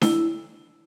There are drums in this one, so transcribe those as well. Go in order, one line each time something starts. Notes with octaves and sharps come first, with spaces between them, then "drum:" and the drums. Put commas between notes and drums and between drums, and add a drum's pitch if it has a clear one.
E4, drum: snare D4